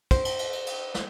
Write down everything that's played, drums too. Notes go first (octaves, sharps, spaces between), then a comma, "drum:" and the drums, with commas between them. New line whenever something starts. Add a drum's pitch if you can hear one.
C5, drum: kick, cymbal
drum: cymbal
drum: cymbal
drum: cymbal
drum: cymbal
drum: snare